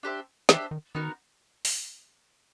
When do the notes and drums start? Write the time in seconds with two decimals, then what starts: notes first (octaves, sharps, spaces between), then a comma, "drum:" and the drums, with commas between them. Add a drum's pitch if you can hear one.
0.03 D4 G4 C5 E5
0.49 E3 D4 G4 C5 E5, drum: snare
0.71 D#3
0.95 D#3 B3 D#4 F#4 A#4
1.65 drum: open hi-hat